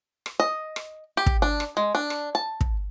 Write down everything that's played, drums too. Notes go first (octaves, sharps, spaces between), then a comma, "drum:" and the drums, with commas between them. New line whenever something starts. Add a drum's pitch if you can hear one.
drum: rim click
D#5
drum: rim click
G4
drum: kick
D4
drum: rim click
G#3
D4
drum: rim click
A5
drum: kick